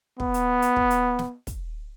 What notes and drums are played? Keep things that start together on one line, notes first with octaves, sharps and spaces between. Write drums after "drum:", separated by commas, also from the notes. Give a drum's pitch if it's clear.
B3, drum: kick
drum: hi-hat
drum: hi-hat
drum: kick
drum: hi-hat
drum: snare
drum: kick, hi-hat